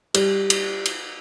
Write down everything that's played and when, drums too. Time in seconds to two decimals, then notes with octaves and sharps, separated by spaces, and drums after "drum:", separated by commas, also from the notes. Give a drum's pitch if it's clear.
0.14 G3, drum: cymbal
0.50 drum: cymbal
0.85 drum: cymbal